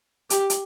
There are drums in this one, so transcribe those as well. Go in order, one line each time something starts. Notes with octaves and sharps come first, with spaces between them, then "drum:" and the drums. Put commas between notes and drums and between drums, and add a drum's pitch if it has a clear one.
G4, drum: hi-hat
drum: hi-hat